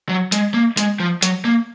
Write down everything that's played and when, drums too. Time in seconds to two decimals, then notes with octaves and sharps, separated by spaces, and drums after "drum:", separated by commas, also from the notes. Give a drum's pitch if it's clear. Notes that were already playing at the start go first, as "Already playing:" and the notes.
0.09 F#3
0.32 G#3, drum: hi-hat
0.54 A#3
0.77 G#3, drum: hi-hat
1.00 F3
1.22 F#3, drum: hi-hat
1.45 A#3